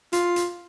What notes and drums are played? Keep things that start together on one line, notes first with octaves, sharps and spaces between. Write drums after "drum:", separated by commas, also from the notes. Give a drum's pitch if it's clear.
F4, drum: hi-hat
drum: hi-hat